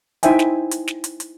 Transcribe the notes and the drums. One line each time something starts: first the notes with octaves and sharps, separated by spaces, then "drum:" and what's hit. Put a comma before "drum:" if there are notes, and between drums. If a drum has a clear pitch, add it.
D#4 E4 C5 E5 G5 G#5, drum: hi-hat
drum: snare
drum: hi-hat
drum: snare
drum: hi-hat
drum: hi-hat